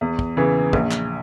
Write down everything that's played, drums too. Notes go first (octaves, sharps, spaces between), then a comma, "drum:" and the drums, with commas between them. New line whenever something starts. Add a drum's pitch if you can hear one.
E2
drum: kick
C#3 E3
A#1, drum: kick
drum: clap